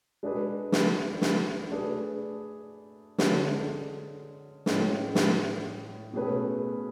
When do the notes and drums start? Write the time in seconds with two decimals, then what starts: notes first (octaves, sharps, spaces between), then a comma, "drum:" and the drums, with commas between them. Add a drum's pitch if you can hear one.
0.23 G#3 D4 G#4 B4
0.72 drum: snare
1.22 drum: snare
1.71 A3 D4 G#4 B4
3.18 D3 G#3 C#4, drum: snare
4.66 A2 G#3 C#4, drum: snare
5.15 drum: snare
6.13 B2 A3 C#4 G#4 B4